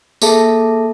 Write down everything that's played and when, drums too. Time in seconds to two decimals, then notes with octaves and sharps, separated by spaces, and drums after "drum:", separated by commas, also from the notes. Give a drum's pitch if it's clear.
0.22 A#3 G#4 A4 E5 A5, drum: tambourine